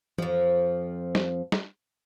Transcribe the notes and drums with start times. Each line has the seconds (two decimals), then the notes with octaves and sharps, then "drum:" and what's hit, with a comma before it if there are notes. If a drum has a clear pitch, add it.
0.18 F2 F3, drum: tom E3
1.15 drum: snare
1.52 drum: snare